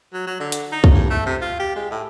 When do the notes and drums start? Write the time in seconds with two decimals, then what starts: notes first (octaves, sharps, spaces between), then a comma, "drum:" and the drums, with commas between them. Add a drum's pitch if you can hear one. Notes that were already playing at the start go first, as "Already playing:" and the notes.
0.13 F#3
0.27 F#3
0.40 D3
0.52 drum: hi-hat
0.72 D#4
0.84 drum: kick
0.93 G2
1.10 A3
1.26 C3
1.41 F4
1.59 G4
1.76 G#3
1.91 A2